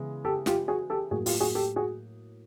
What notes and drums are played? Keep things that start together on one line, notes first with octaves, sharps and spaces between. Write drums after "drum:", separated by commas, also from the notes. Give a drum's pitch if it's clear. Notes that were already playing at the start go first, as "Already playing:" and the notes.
Already playing: C#3 E3 G#3 B3
G4 A4
F4 G4, drum: snare
F#4 G#4
G4 A4
A2 F#3 A#3 F#4 G#4
F4 G4, drum: open hi-hat
F#4 G#4
G4 A4
F#4 G#4